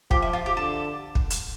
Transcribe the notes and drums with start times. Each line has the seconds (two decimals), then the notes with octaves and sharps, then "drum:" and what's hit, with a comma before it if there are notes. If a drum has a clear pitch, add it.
0.11 F3 G4, drum: kick
0.22 E4
0.33 F4
0.46 G4
0.57 D3 A4
1.15 drum: kick
1.30 drum: hi-hat